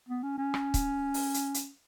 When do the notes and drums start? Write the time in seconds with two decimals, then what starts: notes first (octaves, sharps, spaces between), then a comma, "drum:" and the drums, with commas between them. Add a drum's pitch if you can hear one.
0.09 B3
0.23 C#4
0.38 C#4
0.54 drum: rim click
0.74 drum: kick, hi-hat
1.14 drum: open hi-hat
1.34 drum: hi-hat
1.54 drum: hi-hat